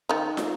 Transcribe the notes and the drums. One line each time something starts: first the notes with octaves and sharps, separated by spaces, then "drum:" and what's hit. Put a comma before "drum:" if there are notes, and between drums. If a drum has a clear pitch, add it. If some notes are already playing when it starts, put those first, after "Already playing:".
D#3 D#4
drum: snare